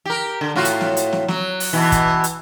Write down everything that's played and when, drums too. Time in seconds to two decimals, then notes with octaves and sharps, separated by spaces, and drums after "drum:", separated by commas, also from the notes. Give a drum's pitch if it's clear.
0.06 G4 A#4
0.41 D3
0.56 A2 F4 F#4
0.65 drum: hi-hat
0.81 drum: snare
0.97 drum: hi-hat
1.12 drum: snare
1.28 F#3, drum: snare
1.60 drum: open hi-hat
1.73 B2 E3
1.92 drum: kick, hi-hat
2.24 drum: hi-hat